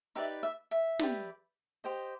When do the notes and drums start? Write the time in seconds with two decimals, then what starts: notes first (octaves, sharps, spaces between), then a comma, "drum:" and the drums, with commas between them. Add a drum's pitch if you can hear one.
0.15 D#4 G4 B4 D5 E5
0.43 E5
0.71 E5
0.99 G4 B4 D5, drum: snare
1.84 G4 C5 D#5